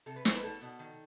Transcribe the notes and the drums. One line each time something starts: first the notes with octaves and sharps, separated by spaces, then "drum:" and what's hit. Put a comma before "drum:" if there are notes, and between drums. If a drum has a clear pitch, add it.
C3 A4
B4
A3 C5, drum: snare
B4
B2 A4
B2
D#3